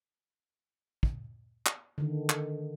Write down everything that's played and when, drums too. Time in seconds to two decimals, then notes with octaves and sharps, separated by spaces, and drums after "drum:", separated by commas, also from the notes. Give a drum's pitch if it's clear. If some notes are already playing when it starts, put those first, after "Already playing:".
1.03 drum: kick
1.66 drum: clap
1.98 D3 D#3
2.29 drum: clap